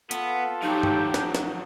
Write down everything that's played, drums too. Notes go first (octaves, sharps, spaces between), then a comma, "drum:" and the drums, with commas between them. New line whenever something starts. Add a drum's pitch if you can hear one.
B3 F4 A4, drum: hi-hat
F3 F#3 D#4 G4
drum: tom G2
drum: snare
drum: snare